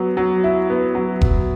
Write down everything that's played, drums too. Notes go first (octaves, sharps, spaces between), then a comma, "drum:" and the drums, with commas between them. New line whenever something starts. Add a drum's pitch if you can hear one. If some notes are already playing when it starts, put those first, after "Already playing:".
Already playing: F#3 B3
F#3
E4
B3
F#3
F#3, drum: kick F1